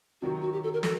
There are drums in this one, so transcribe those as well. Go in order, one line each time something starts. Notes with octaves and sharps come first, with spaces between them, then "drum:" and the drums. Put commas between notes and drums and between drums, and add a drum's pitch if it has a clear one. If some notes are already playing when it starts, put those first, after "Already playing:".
C3 D#3 F#3 F#4
F#4
G4
A4
A#4
F#3 A4, drum: snare